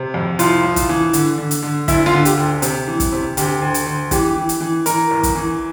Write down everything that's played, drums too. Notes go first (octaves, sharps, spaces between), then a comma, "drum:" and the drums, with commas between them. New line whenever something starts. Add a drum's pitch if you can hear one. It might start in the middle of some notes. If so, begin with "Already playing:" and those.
Already playing: C3
F2
C2 F4, drum: hi-hat
C2
drum: kick, hi-hat
E3
D3, drum: hi-hat
D3
drum: hi-hat
D3
D2 E4, drum: kick, hi-hat
F4, drum: snare
D3
G4, drum: hi-hat
D2
C3, drum: hi-hat
E3
drum: kick, hi-hat
C3
D2 G4, drum: hi-hat
D2
drum: hi-hat
D2
E3 G4, drum: kick, hi-hat
E3
drum: hi-hat
E3
E3 A#4, drum: hi-hat
E2
drum: kick, hi-hat
E3